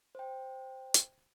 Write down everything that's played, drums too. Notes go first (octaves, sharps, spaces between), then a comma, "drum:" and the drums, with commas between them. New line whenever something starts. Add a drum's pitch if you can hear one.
C5 G5
drum: hi-hat